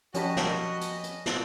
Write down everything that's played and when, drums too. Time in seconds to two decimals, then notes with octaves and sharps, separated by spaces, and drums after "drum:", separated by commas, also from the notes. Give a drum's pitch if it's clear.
0.14 F3 C#4 F#4 G4 D#5 A5 B5 B6, drum: hi-hat
0.37 drum: snare
0.81 drum: hi-hat
1.04 drum: hi-hat
1.26 drum: snare